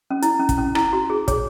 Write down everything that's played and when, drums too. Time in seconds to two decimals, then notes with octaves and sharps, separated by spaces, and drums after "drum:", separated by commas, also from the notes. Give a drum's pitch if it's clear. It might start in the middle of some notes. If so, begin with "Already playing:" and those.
0.10 C#4
0.22 E4, drum: hi-hat
0.40 C#4
0.49 drum: kick, hi-hat
0.58 C#4
0.75 E4, drum: rim click
0.93 F#4
1.10 G#4
1.28 G#4 C#5, drum: kick, hi-hat